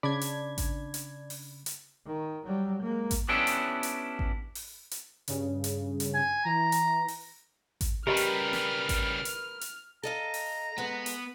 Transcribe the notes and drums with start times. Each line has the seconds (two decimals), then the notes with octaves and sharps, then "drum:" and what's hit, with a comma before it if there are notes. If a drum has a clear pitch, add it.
0.03 C#3 D4 D5 B5 D6 G#6
0.21 drum: hi-hat
0.58 drum: kick G#1, hi-hat
0.94 drum: hi-hat
1.30 drum: open hi-hat
1.66 drum: hi-hat
2.06 D#3
2.46 F#3 G3
2.83 G#3 A#3
3.11 drum: kick G#1, hi-hat
3.29 B3 C#4 D4 E4 G4 A4
3.47 drum: hi-hat
3.83 drum: hi-hat
4.19 drum: kick G#1
4.55 drum: open hi-hat
4.91 drum: hi-hat
5.28 G2 C#3, drum: hi-hat
5.64 drum: hi-hat
6.00 drum: hi-hat
6.14 G#5
6.45 E3 A#5
6.72 drum: hi-hat
7.08 drum: open hi-hat
7.81 drum: kick G#1, hi-hat
8.07 C#3 G3 G4 A#4 B4 D#5 A#5 F6
8.17 drum: hi-hat
8.53 drum: snare
8.89 drum: kick G#1, hi-hat
9.25 drum: hi-hat
9.61 drum: hi-hat
10.03 A4 D#5 F5 A#5
10.34 drum: open hi-hat
10.78 G#3 B3 B4
11.06 drum: hi-hat